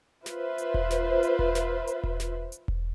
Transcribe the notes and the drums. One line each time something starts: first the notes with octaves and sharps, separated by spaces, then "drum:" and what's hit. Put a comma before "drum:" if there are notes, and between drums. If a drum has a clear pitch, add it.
F4 B4 C5 E5, drum: snare
drum: hi-hat
drum: kick E1
drum: snare
drum: hi-hat
drum: kick E1
drum: snare
drum: hi-hat
drum: kick E1
drum: snare
drum: hi-hat
drum: kick E1